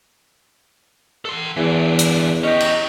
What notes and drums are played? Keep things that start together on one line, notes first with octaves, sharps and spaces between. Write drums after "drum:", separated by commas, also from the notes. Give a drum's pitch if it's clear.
A4 C6
E2 D3 E3
drum: hi-hat
C#4 G4 D#5
drum: cymbal